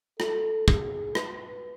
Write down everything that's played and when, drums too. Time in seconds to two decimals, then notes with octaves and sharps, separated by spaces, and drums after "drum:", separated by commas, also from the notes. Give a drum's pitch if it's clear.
0.20 A4, drum: rim click
0.68 G#4, drum: kick
1.15 B4, drum: rim click